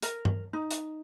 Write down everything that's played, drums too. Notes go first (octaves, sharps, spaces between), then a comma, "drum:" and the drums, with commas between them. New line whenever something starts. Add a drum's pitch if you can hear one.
A#4, drum: hi-hat
drum: tom G2
D#4
drum: hi-hat